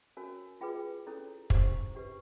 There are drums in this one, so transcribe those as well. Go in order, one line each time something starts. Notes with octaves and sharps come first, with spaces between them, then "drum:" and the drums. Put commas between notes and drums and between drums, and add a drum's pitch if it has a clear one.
C#4 F#4 A#4 C#5 G#5
F4 G#4 B4 G5
C#4 E4 A4 C#5
C#4 E4 G4 C5, drum: kick
D4 G4 B4